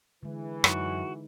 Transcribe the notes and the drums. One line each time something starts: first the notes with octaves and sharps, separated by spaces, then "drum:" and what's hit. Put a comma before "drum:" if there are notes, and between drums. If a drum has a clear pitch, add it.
D3 E3 G#3
F#2 G#3 D#4 F#4, drum: rim click